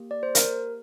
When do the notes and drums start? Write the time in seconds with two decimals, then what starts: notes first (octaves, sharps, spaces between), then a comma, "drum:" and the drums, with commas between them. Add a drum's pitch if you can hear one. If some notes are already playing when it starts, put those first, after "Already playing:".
Already playing: A#3 G4
0.11 D5
0.23 C5
0.35 A#4, drum: hi-hat